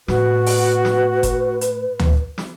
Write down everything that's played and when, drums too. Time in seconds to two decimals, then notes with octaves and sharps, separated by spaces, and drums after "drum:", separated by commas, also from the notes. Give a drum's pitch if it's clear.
0.08 A2 F#4 B4, drum: snare
0.47 drum: open hi-hat
0.85 drum: snare
1.23 drum: kick F#1, hi-hat
1.61 drum: hi-hat
1.99 drum: tom D2
2.38 drum: snare